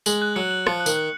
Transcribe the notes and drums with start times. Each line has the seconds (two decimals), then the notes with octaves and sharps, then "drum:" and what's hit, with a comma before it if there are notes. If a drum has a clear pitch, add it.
0.06 G#3 F#7, drum: tambourine
0.22 F#6
0.36 F#3 C#7
0.51 F#7
0.67 F3 C#7, drum: rim click
0.80 F#6
0.86 D#3, drum: tambourine
0.96 F#6